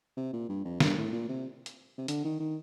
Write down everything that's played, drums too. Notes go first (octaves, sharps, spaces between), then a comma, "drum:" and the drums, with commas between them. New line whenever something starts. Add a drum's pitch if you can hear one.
C3
A#2
G2
F2
G2, drum: snare
A2
A#2
C3
drum: hi-hat
C3
D3, drum: hi-hat
D#3
D#3